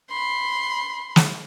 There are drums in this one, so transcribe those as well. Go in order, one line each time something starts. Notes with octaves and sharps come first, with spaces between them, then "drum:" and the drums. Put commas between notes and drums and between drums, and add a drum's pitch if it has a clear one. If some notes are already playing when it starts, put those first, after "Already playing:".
B5 C6
drum: snare